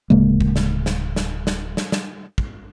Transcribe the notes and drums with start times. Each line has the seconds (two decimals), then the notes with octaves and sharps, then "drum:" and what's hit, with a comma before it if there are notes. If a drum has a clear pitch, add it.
0.10 D1 C#3 G#3 A#3
0.40 drum: kick
0.56 drum: snare
0.86 drum: snare
1.16 drum: snare
1.47 drum: snare
1.77 drum: snare
1.92 drum: snare
2.38 drum: kick